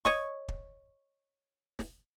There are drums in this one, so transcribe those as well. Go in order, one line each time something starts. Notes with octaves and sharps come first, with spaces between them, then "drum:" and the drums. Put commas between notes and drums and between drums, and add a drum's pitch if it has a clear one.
C#5 D#5 C#6, drum: snare
drum: kick
drum: snare